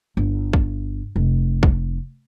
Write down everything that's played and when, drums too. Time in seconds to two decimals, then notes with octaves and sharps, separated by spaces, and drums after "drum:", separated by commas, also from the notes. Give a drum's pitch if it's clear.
0.17 G1
0.53 drum: kick
1.16 F1
1.63 drum: kick